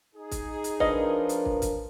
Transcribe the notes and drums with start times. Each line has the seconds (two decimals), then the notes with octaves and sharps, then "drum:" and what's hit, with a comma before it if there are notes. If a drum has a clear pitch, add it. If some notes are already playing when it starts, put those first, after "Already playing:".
0.15 D#4 G#4
0.31 drum: kick, hi-hat
0.64 drum: hi-hat
0.80 F3 D4 A#4 B4 D#5, drum: kick
1.29 drum: hi-hat
1.45 drum: kick
1.62 drum: kick, hi-hat